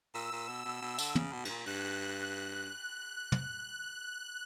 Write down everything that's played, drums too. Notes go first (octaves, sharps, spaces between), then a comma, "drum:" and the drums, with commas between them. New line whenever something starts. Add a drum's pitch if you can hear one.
A#2 E6
A#2
B2
B2
B2
D3, drum: tambourine
C#3, drum: tom
B2
G2, drum: cymbal
A#2
G2 F#6
drum: tom